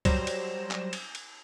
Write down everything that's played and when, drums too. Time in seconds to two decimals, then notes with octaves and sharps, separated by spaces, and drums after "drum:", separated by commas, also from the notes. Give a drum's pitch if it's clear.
0.05 F#3 G3 C5 A#6 E7, drum: kick, cymbal
0.27 drum: cymbal
0.71 drum: clap
0.93 drum: cymbal
1.15 drum: cymbal